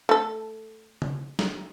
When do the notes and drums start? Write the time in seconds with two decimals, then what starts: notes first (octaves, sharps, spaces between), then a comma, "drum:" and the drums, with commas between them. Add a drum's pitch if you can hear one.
0.09 A3 A4
1.02 drum: tom C#3
1.39 drum: snare